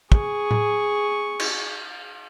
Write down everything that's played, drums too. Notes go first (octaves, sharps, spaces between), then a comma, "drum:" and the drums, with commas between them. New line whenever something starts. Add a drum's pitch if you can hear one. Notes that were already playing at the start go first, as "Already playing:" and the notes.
G#4 C#6, drum: kick
drum: tom A2
drum: cymbal